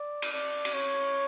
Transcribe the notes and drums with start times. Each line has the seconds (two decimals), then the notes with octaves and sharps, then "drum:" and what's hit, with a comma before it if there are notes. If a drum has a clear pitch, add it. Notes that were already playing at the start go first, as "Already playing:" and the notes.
Already playing: D5
0.22 drum: cymbal
0.33 D5
0.65 drum: cymbal
0.74 C#5